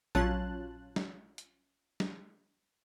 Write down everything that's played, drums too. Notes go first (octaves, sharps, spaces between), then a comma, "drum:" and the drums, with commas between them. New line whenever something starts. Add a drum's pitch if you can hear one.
A#1 F#3 C#4 F4 A5 F#6, drum: tom
drum: snare
drum: hi-hat
drum: snare